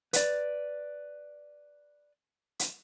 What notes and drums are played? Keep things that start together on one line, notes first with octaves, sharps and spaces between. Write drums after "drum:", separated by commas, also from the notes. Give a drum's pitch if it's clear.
B4 D5, drum: hi-hat
drum: hi-hat